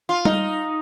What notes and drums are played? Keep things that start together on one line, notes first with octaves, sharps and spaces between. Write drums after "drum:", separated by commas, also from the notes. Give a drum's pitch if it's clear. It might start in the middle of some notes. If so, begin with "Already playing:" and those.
F4
D#4, drum: tom